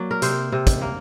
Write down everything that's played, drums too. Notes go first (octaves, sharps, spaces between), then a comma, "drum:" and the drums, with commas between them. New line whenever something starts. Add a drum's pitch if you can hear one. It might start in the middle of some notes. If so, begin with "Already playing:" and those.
Already playing: F#3 A#3 D5
A#4
C3 C5, drum: hi-hat
C3
drum: kick, hi-hat
A#3